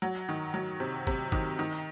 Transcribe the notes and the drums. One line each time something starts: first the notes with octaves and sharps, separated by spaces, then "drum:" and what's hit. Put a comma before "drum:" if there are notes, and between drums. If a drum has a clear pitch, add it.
F#3
D#3
F#3
C3
C3, drum: kick G1
D#3, drum: kick G1
D#3